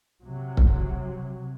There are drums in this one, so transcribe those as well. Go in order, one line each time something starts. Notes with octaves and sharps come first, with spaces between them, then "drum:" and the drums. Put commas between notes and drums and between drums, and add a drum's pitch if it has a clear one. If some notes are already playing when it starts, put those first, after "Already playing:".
C3 F#3
drum: kick C#1